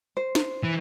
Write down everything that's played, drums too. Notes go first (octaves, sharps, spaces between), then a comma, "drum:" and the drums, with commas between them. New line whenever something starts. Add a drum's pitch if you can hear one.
C5
drum: snare
E3